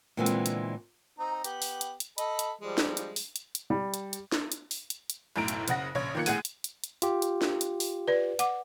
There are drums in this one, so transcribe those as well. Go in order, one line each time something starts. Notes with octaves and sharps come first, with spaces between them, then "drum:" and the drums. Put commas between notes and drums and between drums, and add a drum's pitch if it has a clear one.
A#2 D3 E3 G#3 B3 C4
drum: hi-hat
drum: hi-hat
C4 D#4 A#5
B3 G4, drum: hi-hat
drum: open hi-hat
drum: hi-hat
drum: hi-hat
A4 D#5 B5, drum: hi-hat
drum: hi-hat
F3 G3 G#3
drum: snare
drum: hi-hat
drum: open hi-hat
drum: hi-hat
drum: hi-hat
G3
drum: hi-hat
drum: hi-hat
drum: snare
drum: hi-hat
drum: open hi-hat
drum: hi-hat
drum: hi-hat
B1 F#2 A2 A#5 D7
drum: hi-hat
F#1 C#3 F#5 A#6, drum: hi-hat
A#1 C#3 C#5 G#6
D#3 F3 A#3 F#6 C#7
A#1 A2 G#4 F#5 G#6 D#7, drum: open hi-hat
drum: hi-hat
drum: hi-hat
drum: hi-hat
F4 G4, drum: hi-hat
drum: hi-hat
drum: snare
drum: hi-hat
drum: open hi-hat
B4 D5
F#5 D6, drum: hi-hat